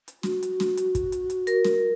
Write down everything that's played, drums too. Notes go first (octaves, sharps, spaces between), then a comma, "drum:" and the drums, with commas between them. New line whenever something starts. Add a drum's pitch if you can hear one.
drum: hi-hat
F#4, drum: snare
drum: hi-hat
drum: snare
drum: hi-hat
drum: kick, hi-hat
drum: hi-hat
drum: hi-hat
A#4, drum: hi-hat
drum: snare